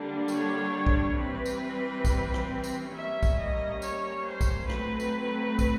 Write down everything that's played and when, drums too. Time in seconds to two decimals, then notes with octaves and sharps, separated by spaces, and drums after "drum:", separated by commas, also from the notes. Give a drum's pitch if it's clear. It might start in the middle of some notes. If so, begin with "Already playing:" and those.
Already playing: D3 G3 A#3 D4
0.28 C#5, drum: tambourine
0.86 drum: kick
1.16 E3 G3 C4 B4
1.46 drum: tambourine
2.05 drum: kick, tambourine
2.34 drum: rim click
2.64 drum: tambourine
2.93 G3 A#3 C#4 E5
3.23 drum: kick, tambourine
3.37 D#5
3.82 C#5, drum: tambourine
4.26 C5
4.41 drum: kick, tambourine
4.70 F#3 A3 C4 B4, drum: rim click
5.00 drum: tambourine
5.59 drum: kick, tambourine